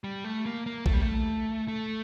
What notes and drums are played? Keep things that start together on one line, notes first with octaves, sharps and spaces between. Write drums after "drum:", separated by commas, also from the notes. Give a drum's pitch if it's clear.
G3
A3
A#3
A#3
A3, drum: kick A#1
G3
A3
A3